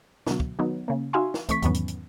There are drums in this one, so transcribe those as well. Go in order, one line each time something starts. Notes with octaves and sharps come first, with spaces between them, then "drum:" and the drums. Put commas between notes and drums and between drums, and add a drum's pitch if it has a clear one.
B2 D3 F#3, drum: snare
drum: kick
D#3 F#3 B3 D#4
C#3 A#3
D#4 F#4 E5 F5 G#5 C6
drum: snare
E3 A3 C4 C#6 B6, drum: kick, hi-hat
E2 G#2 D#3 F#3 B3 C#4, drum: kick, hi-hat
drum: hi-hat
drum: hi-hat